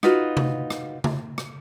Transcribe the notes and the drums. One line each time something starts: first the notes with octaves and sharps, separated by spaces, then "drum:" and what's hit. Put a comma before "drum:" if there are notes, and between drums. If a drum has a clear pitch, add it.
D#4 F4 F#4 B4, drum: rim click
drum: tom C3
drum: rim click
drum: tom C#3
drum: rim click